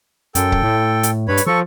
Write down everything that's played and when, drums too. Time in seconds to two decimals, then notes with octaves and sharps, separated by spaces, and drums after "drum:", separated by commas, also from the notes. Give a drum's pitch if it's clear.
0.35 F#2 A4 G5, drum: hi-hat
0.52 drum: kick C#1
0.63 A2
1.03 drum: hi-hat
1.28 G2 B4 C#5 B5
1.37 drum: hi-hat
1.47 F3 A4 C#6